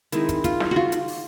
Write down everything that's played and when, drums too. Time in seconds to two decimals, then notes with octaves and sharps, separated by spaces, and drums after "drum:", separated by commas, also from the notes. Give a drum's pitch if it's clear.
0.12 D#3 G#3 C4 D#4 E4, drum: hi-hat
0.29 drum: kick, hi-hat
0.44 F4, drum: kick, hi-hat
0.60 drum: snare
0.71 F4 F#4
0.92 drum: hi-hat
1.08 drum: open hi-hat